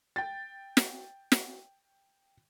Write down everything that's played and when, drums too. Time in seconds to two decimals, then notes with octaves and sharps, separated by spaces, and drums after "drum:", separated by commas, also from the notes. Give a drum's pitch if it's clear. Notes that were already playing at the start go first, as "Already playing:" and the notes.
0.16 G5 A6
0.77 drum: snare
1.32 drum: snare